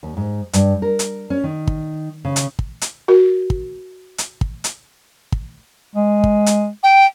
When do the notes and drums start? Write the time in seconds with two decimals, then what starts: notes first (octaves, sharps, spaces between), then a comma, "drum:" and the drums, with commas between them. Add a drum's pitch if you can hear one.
0.03 D#2
0.17 G#2
0.53 G2, drum: hi-hat
0.82 A#4
0.99 drum: hi-hat
1.30 C#4
1.44 D#3
1.67 drum: kick
2.25 C#3
2.36 drum: hi-hat
2.59 drum: kick
2.81 drum: hi-hat
3.08 F#4 A#4
3.50 drum: kick
4.18 drum: hi-hat
4.41 drum: kick
4.64 drum: hi-hat
5.32 drum: kick
5.95 G#3
6.24 drum: kick
6.46 drum: hi-hat
6.83 G5